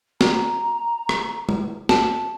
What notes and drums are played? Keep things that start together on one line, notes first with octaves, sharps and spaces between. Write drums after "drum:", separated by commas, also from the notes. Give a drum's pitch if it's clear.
A#5, drum: snare
drum: rim click
drum: tom
A5, drum: snare